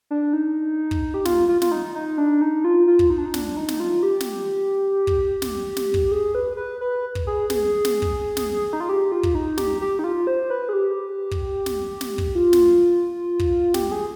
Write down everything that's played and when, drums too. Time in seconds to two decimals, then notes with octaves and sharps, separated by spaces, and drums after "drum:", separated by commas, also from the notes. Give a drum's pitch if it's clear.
0.11 D4
0.33 D#4
0.91 drum: kick
1.14 G4
1.25 F4, drum: snare
1.49 F4
1.62 F4, drum: snare
1.72 D#4
1.95 D#4
2.18 D4
2.41 D#4
2.64 F4
2.87 F4
2.99 drum: kick
3.10 D#4
3.18 D4
3.26 D#4
3.34 D4, drum: snare
3.57 D#4
3.68 drum: snare
3.80 F4
4.03 G4
4.20 drum: snare
5.07 drum: kick
5.42 drum: snare
5.77 drum: snare
5.94 drum: kick
6.11 G#4
6.35 B4
6.57 B4
6.81 B4
7.15 drum: kick
7.27 G#4
7.50 G#4, drum: snare
7.85 drum: snare
8.02 drum: kick
8.37 drum: snare
8.73 D#4
8.80 F4
8.89 G4
9.12 F4
9.23 drum: kick
9.35 D#4
9.58 G4, drum: snare
9.81 G4
9.99 D#4
10.04 F4
10.27 C5
10.50 B4
10.69 G#4
10.73 G4
11.31 drum: kick
11.66 drum: snare
12.01 drum: snare
12.18 drum: kick
12.35 F4
12.53 drum: snare
13.39 drum: kick
13.74 G4, drum: snare
13.92 G#4